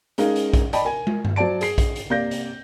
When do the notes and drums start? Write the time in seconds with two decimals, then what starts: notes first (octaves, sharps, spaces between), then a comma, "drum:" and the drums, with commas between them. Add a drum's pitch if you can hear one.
0.18 G#3 C#4 D#4 G#4 A#4 F5, drum: hi-hat
0.36 drum: hi-hat
0.54 drum: kick A#1, hi-hat
0.73 D5 D#5 G5 A5 B5, drum: hi-hat
0.85 A#4 G#5
1.07 drum: tom
1.25 drum: tom G2
1.36 F#3 C5 D5 A5 D7
1.61 G#4 C7, drum: hi-hat
1.78 drum: kick A#1, hi-hat
1.96 drum: hi-hat
2.10 C3 A#3 D5 G6 A#6
2.31 drum: hi-hat